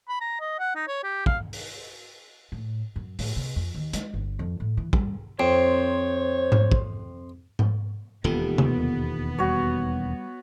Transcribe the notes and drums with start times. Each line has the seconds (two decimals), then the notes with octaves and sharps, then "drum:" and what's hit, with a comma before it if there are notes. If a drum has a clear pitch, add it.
0.09 B5
0.21 A#5
0.40 D#5
0.59 F#5
0.76 D#4
0.88 C#5
1.03 G4
1.26 F5, drum: kick
1.53 drum: open hi-hat
2.52 A2
2.96 F#2
3.19 A2, drum: open hi-hat
3.36 C3
3.56 F2
3.75 D#2
3.93 G#3, drum: hi-hat
4.14 G1
4.39 F2
4.60 A2
4.77 E3
4.93 G3, drum: kick
5.40 F2 C4 C5 C#5
6.52 drum: tom G#2
6.72 drum: kick
7.59 drum: tom G#2
8.24 E1 D#2 D#3 B3 F4 G4 A4
8.58 drum: tom C3
9.39 G3 F#4 C#5